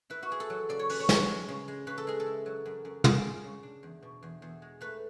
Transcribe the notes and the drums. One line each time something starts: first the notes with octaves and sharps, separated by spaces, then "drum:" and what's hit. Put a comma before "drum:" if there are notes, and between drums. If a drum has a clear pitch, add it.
E4 B4
F#4
E4 G#4
A4
F#3
C#3 D5
C#5
C#4 B4, drum: open hi-hat
C#5
C#4, drum: snare
G#3
C#3
G#3
C#3 B4
A4
G#3 G#4
A4
E4
F#3
F#2
F#2
F#2 G#4, drum: tom
F#2
C#3
D4
E2
B2
E2
E2
G#3
A3 B4